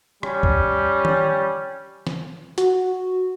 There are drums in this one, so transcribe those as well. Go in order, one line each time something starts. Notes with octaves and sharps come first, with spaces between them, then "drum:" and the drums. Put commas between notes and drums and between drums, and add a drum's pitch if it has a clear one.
G3 C#4, drum: rim click
drum: kick C2
drum: tom
drum: snare
F#4, drum: hi-hat